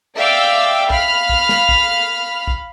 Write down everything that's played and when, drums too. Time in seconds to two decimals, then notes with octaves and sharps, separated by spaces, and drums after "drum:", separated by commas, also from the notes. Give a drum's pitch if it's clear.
0.16 D5 E5 F5 G5 D6 E6
0.90 F5 B5 F6, drum: kick
1.30 drum: kick
1.49 drum: snare
1.69 drum: kick
2.47 drum: kick